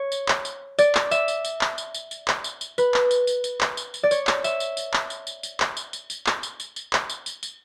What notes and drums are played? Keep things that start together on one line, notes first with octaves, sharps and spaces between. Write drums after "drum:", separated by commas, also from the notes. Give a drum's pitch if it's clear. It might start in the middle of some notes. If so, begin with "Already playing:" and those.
Already playing: C#5
drum: tambourine
drum: clap
drum: tambourine
D5, drum: tambourine
drum: clap
E5, drum: tambourine
drum: tambourine
drum: tambourine
drum: clap
drum: tambourine
drum: tambourine
drum: tambourine
drum: clap
drum: tambourine
drum: tambourine
B4, drum: tambourine
drum: clap
drum: tambourine
drum: tambourine
drum: tambourine
drum: clap
drum: tambourine
drum: tambourine
D5
C#5, drum: tambourine
drum: clap
E5, drum: tambourine
drum: tambourine
drum: tambourine
drum: clap
drum: tambourine
drum: tambourine
drum: tambourine
drum: clap
drum: tambourine
drum: tambourine
drum: tambourine
drum: clap
drum: tambourine
drum: tambourine
drum: tambourine
drum: clap
drum: tambourine
drum: tambourine
drum: tambourine